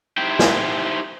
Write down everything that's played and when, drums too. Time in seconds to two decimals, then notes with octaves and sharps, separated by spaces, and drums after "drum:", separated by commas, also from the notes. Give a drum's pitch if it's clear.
0.18 D#4 E4 G4 C5 G5
0.39 drum: snare